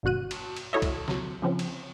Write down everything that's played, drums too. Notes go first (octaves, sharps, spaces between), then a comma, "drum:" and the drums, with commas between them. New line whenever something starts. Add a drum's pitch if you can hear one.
G#1 G2 B2 F#4 F#6 D#7
drum: cymbal
drum: cymbal
E4 F#4 A4 C#5 D#5 E5
drum: kick, cymbal
C3 F#3, drum: snare
C#3 F3 C4 C#4
drum: cymbal